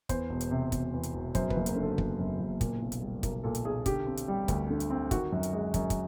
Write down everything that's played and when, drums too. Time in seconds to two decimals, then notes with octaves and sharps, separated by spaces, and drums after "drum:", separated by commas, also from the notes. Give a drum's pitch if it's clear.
0.09 E2 C5, drum: kick, hi-hat
0.30 E1
0.41 drum: hi-hat
0.51 C3
0.72 E1, drum: kick, hi-hat
0.93 E2
1.03 drum: hi-hat
1.14 E1
1.35 F#2 C5, drum: kick, hi-hat
1.50 B4, drum: kick
1.56 F#1
1.66 A#4, drum: hi-hat
1.76 D3
1.82 A4
1.98 F#1, drum: kick
2.19 F#2
2.40 F#1
2.61 A#2, drum: kick, hi-hat
2.82 B1
2.92 drum: hi-hat
3.02 G3
3.23 B1 A#4, drum: kick, hi-hat
3.44 A#2 A4
3.55 drum: hi-hat
3.65 B1 G#4
3.86 D3 G4, drum: kick, hi-hat
4.07 C4
4.17 drum: hi-hat
4.28 G3
4.48 D2, drum: kick, hi-hat
4.70 D3
4.80 drum: hi-hat
4.90 C4
5.11 D#3 F#4, drum: kick, hi-hat
5.32 F#2
5.43 drum: hi-hat
5.53 G#3
5.74 F#2, drum: kick, hi-hat
5.90 drum: kick, hi-hat